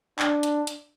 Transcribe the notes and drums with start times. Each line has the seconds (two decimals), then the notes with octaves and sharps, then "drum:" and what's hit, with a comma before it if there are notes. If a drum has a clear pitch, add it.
0.19 D4, drum: clap
0.43 drum: hi-hat
0.67 drum: hi-hat